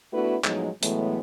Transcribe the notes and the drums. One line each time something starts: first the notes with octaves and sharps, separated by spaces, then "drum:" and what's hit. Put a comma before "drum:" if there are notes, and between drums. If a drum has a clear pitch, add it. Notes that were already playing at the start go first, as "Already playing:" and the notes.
A3 B3 D4 E4 F#4 B4
A2 F3 F#3 G#3 B3 D#4, drum: clap
A2 E3 F#3 G#3 A3 B3, drum: hi-hat